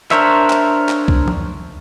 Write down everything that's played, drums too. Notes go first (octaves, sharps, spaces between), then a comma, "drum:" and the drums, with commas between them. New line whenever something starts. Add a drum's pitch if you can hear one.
D4 A#4 C5 C#5 E5, drum: clap
drum: clap
drum: clap
drum: kick
drum: tom F3